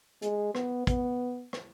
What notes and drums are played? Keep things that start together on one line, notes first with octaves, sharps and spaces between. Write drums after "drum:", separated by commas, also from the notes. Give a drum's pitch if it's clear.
G#3, drum: hi-hat
B3, drum: rim click
B3, drum: kick, hi-hat
drum: rim click